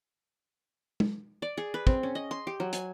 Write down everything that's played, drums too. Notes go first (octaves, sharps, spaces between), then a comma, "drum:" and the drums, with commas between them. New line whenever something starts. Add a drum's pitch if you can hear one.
drum: tom G#3
D5
G#4
B4
C4, drum: kick
C#4
D#5
C6
G4
F#3
G#5, drum: hi-hat